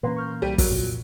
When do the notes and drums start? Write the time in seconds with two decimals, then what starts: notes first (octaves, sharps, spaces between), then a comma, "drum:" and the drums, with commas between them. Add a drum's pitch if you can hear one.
0.03 A#2 E3 A#3 C#4 B4 C6
0.16 C#6 F6 G6
0.42 C2 G3 D#7
0.58 F#3 A#4, drum: kick, open hi-hat
0.70 C2 F2 A#2 F3